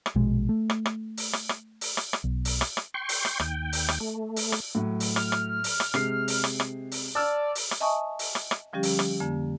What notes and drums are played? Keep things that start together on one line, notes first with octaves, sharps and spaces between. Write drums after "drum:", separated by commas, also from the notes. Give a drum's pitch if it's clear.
drum: rim click
A#1 B2 G#3
A3
drum: rim click
drum: rim click
drum: open hi-hat
drum: rim click
drum: rim click
drum: open hi-hat
drum: rim click
drum: rim click
B1
drum: open hi-hat
drum: rim click
drum: rim click
G5 C6 C#6
drum: open hi-hat
drum: rim click
D#2 G5, drum: rim click
drum: open hi-hat
drum: rim click
A3
drum: open hi-hat
drum: rim click
A2 F#3
drum: open hi-hat
F6, drum: rim click
drum: rim click
drum: open hi-hat
drum: rim click
C3 G#3 C7, drum: rim click
drum: open hi-hat
drum: rim click
drum: rim click
drum: open hi-hat
D5 A5 E6 F6
drum: open hi-hat
drum: rim click
D#5 E5 G#5 A5 C#6 D#6
drum: open hi-hat
drum: rim click
drum: rim click
D3 F3 G3 C#4 G4
drum: open hi-hat
drum: rim click
F2 D3 A#3